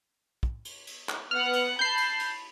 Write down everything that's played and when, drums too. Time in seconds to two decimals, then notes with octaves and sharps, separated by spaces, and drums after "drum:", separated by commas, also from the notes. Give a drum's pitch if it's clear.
0.43 drum: kick
0.65 drum: cymbal
0.87 drum: cymbal
1.09 drum: clap
1.31 B3 F#5 F6
1.53 drum: cymbal
1.79 A5 B5 G6 C7
1.97 drum: cymbal
2.19 drum: cymbal